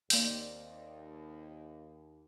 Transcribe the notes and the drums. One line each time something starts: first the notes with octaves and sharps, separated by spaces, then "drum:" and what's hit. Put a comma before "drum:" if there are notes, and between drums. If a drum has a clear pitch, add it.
D#2 A#3 C4 D#4 D5 G6, drum: open hi-hat